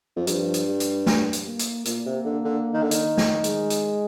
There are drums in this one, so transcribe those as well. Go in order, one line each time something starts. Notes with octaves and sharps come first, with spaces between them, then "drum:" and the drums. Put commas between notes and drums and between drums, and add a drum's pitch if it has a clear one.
F2
G2 F3, drum: hi-hat
drum: hi-hat
G3
drum: hi-hat
drum: snare
drum: hi-hat
A#3
drum: hi-hat
A#2 A#3, drum: hi-hat
C3
D3
D3
D#3
D3
D#3, drum: hi-hat
drum: snare
G#3, drum: hi-hat
drum: hi-hat